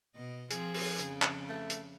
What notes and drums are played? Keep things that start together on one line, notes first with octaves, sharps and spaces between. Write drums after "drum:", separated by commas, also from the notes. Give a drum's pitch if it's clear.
B2 D#5
F3 C4 G#4, drum: hi-hat
drum: open hi-hat
F2 C#3, drum: hi-hat
drum: clap
A3
drum: hi-hat